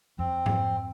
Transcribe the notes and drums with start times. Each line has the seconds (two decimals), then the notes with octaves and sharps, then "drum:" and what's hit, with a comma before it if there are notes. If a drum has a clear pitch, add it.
0.19 F2 C4
0.46 drum: tom G#2